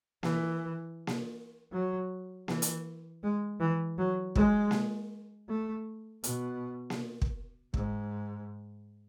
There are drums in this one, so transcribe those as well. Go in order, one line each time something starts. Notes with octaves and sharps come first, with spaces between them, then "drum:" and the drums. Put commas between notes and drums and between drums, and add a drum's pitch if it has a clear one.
E3, drum: snare A#3
drum: snare A#3
F#3
E3, drum: snare A#3
drum: hi-hat
G#3
E3
F#3
G#3, drum: kick
drum: snare A#3
A3
B2, drum: hi-hat
drum: snare A#3
drum: kick
G#2, drum: kick